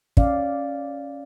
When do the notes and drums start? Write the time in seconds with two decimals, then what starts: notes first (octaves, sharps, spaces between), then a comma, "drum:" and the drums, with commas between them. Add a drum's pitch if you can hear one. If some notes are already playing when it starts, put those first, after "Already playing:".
0.17 C#4 D5 F5, drum: kick